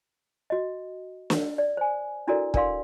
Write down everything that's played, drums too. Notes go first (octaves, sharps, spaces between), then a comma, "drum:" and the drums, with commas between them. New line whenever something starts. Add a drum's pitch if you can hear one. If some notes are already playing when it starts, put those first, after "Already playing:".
F#4 D#5
drum: snare
D5
C5 G#5
D4 E4 F#4 A4 A#4 D5
D4 A#4 D5 F5 C6, drum: kick